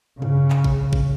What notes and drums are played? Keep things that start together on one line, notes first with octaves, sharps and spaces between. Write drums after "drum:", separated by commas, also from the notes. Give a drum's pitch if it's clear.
C#3, drum: tom
drum: clap
drum: kick A1
drum: kick A1